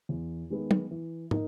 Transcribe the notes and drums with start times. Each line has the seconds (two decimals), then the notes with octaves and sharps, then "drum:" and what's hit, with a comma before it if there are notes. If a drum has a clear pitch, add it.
0.09 E2
0.50 D#3 G#3 B3
0.71 drum: tom
0.91 E3
1.31 A#3 D#4, drum: tom